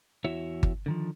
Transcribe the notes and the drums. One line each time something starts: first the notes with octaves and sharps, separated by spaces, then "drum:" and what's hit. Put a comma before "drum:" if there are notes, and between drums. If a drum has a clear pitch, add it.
E2 E4 F#4 C#5 E5
drum: kick G1
D3 D#3 F3